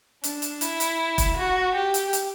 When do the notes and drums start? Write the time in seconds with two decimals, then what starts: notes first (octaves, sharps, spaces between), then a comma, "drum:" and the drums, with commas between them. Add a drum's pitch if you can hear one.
0.24 D4, drum: hi-hat
0.42 drum: hi-hat
0.61 E4, drum: hi-hat
0.80 drum: hi-hat
1.18 drum: kick E1, hi-hat
1.37 F#4
1.75 G4
1.94 drum: hi-hat
2.13 drum: hi-hat